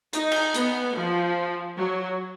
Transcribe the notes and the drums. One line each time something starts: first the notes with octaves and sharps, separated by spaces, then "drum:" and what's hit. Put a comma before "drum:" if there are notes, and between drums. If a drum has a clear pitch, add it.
D#4, drum: hi-hat
drum: cymbal
B3, drum: hi-hat
F3
F#3